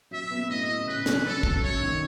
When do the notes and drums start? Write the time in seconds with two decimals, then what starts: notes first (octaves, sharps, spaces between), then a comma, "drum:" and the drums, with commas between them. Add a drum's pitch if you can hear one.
0.11 F#3 E5
0.31 B3
0.49 A2 D#5
0.68 E4
0.87 C#3 B4
1.06 F#3, drum: snare
1.24 C#2 A4
1.43 C#2, drum: kick
1.62 F#2 C#5
1.81 D#3